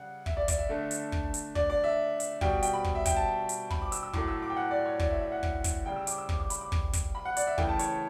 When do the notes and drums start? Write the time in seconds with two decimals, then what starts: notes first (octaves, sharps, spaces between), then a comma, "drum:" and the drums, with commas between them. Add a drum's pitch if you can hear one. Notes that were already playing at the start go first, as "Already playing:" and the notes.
Already playing: C#3 G3 F#5
0.26 E5, drum: kick
0.37 D5
0.48 D5, drum: kick, hi-hat
0.58 E5
0.69 D3 A3
0.91 drum: hi-hat
1.12 drum: kick
1.34 drum: hi-hat
1.55 D5, drum: kick
1.70 D5
1.84 E5
2.20 drum: hi-hat
2.41 B2 G3 G5, drum: kick
2.63 G5, drum: hi-hat
2.73 B5
2.84 drum: kick
2.95 E5
3.06 G5, drum: kick, hi-hat
3.16 A5
3.49 drum: hi-hat
3.70 B5, drum: kick
3.82 D6
3.92 E6, drum: hi-hat
4.03 E6
4.13 A2 F#3 A3 D6, drum: kick
4.28 E6
4.42 D6
4.50 G5
4.56 F#5
4.71 D5
4.86 C#5
4.99 D5, drum: kick
5.10 E5
5.21 E5
5.32 F#5
5.43 drum: kick
5.64 drum: kick, hi-hat
5.86 C#3 G3 G5
5.96 E6
6.07 D6, drum: hi-hat
6.18 E6
6.29 D6, drum: kick
6.40 D6
6.50 B5, drum: hi-hat
6.61 D6
6.72 drum: kick
6.93 drum: kick, hi-hat
7.15 B5
7.25 F#5
7.37 D5, drum: hi-hat
7.47 E5
7.58 C#3 E3 A3 G5, drum: kick
7.69 A5
7.79 C#5, drum: hi-hat